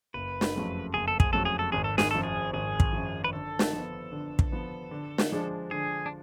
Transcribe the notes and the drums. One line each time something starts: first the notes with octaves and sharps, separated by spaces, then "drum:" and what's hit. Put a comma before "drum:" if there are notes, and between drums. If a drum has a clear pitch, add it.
F#1 B4
drum: snare
F2 C#3 F#3 A3
F#1 G#4
A4
G#4, drum: kick
F2 C#3 F#3 A3 A4
G#4
A4
G#1 G#4
A4
G#4, drum: snare
F#2 F3 A4
G#4
G#1 G#4
drum: kick
F#2 F3
B4
D3 A4
drum: snare
F3 B3
D3
drum: kick
F3 B3
D3
drum: snare
F3 G#3 D4
D3 G#4
D4